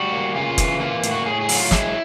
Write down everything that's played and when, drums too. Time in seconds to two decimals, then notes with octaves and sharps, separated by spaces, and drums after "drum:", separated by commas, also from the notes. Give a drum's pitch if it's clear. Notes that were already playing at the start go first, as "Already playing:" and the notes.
Already playing: G3 F#4
0.12 A#3
0.35 C#3 F4
0.58 E3, drum: kick, hi-hat
0.80 A#3 F4
1.03 A2 F4, drum: hi-hat
1.11 F#4
1.25 A2 G#4
1.41 G#4
1.49 F#3, drum: open hi-hat
1.56 F4
1.71 G#3 E4, drum: snare